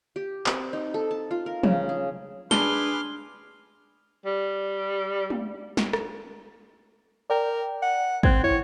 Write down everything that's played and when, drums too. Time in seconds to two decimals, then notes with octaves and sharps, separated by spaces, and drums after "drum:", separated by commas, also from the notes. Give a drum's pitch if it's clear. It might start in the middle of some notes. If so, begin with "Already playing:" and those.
0.16 G4
0.46 C4, drum: clap
0.73 D#4
0.94 A4
1.11 A5
1.31 F4
1.46 A#4
1.63 C#3, drum: tom
1.89 G#4
2.51 D4 G#4 B4 C6 D6 F6 G7, drum: snare
4.25 G3
5.30 drum: tom G#3
5.77 drum: snare
5.93 drum: rim click
7.30 A#4 D5 G5
7.82 F#5
8.23 C4 F#6 G#6, drum: kick
8.43 E4 C#5